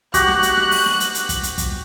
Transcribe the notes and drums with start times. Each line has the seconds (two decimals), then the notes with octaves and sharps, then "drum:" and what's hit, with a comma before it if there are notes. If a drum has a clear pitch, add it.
0.14 F#4 G4 F#6, drum: kick, hi-hat
0.28 drum: snare
0.43 drum: hi-hat
0.57 drum: snare
0.71 drum: open hi-hat
0.86 drum: snare
1.00 drum: hi-hat
1.15 drum: hi-hat
1.29 drum: kick, hi-hat
1.43 drum: hi-hat
1.58 drum: kick, hi-hat